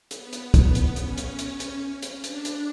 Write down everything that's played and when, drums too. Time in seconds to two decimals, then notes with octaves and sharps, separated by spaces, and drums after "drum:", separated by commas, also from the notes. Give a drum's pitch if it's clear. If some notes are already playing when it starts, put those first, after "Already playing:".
0.11 B3, drum: hi-hat
0.33 drum: hi-hat
0.54 drum: kick, hi-hat
0.75 drum: hi-hat
0.96 C#4, drum: hi-hat
1.18 drum: hi-hat
1.39 C#4, drum: hi-hat
1.60 drum: hi-hat
2.02 drum: hi-hat
2.24 D4, drum: hi-hat
2.45 drum: hi-hat